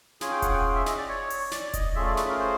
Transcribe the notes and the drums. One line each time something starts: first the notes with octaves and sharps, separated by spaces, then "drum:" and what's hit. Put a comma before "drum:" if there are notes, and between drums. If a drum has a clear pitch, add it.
C#4 F4 G#4 G#5, drum: snare
G5
F#5, drum: kick E1, hi-hat
G5
E5
D#5, drum: snare
D5
C#5
drum: open hi-hat
D5, drum: snare
D#5, drum: kick E1, hi-hat
A3 C#4 F4 G#4 E5
D5
B4, drum: snare
A#4
C5